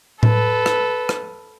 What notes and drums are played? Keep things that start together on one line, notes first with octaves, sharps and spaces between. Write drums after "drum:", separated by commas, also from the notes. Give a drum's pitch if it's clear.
A4 B4, drum: tom A2
drum: rim click
drum: rim click